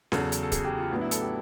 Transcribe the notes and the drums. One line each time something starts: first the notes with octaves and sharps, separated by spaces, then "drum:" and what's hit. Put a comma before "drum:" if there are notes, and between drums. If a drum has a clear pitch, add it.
E2 C#3 F#3 A4, drum: snare C#4
drum: hi-hat
A4
G#4, drum: kick C#1, hi-hat
G4
F4
A2 F#3 B3 D4
E4
A4, drum: hi-hat
G4